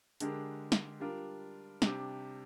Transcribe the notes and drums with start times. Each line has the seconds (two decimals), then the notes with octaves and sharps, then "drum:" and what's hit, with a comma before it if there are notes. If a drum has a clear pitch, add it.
0.20 D3 G#3 D4 G4 A#4, drum: hi-hat
0.72 drum: snare
1.00 G3 D4 F4 A#4
1.82 C3 G3 D4 G4, drum: snare